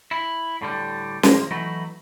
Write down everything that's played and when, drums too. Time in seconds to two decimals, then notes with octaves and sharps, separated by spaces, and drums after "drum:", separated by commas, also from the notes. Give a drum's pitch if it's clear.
0.11 E4
0.62 A2 D3 G3
1.23 A2 D#3 F3 G3 G#3 A#3, drum: snare
1.51 E3 F#3 A3 D#4 E4